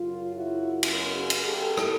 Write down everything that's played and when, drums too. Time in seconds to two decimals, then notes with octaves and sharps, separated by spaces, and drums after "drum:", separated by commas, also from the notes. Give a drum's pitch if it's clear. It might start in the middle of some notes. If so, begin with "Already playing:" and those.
Already playing: F#2 C#3 F#3 F4
0.35 E4 F#4
0.83 drum: cymbal
1.14 F#4 G#4
1.30 drum: cymbal
1.46 G4 A4
1.77 drum: rim click